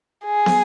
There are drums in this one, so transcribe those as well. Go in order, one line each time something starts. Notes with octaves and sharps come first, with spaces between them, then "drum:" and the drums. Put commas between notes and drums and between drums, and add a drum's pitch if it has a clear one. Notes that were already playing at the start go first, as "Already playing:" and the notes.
G#4
drum: snare